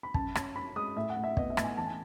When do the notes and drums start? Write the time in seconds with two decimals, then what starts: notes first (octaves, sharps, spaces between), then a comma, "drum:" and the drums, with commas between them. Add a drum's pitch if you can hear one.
0.03 B5
0.14 F#2 A5, drum: kick
0.35 C#4, drum: rim click
0.56 F#2 B5
0.76 G#3 D#6
0.96 A2 E5
1.09 F#5
1.16 A2
1.24 E5
1.37 B3 D#5, drum: kick
1.50 E5
1.57 A2, drum: rim click
1.64 G#5
1.77 E3 A5
1.86 G#5